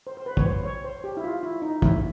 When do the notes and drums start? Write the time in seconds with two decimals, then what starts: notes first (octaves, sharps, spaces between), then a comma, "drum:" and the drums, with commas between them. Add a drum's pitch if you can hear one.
0.07 C5
0.17 C5
0.26 B4
0.37 C#5, drum: kick
0.46 C5
0.65 C#5
0.84 C5
1.04 G4
1.17 E4
1.24 F4
1.43 E4
1.62 D#4
1.82 E4, drum: kick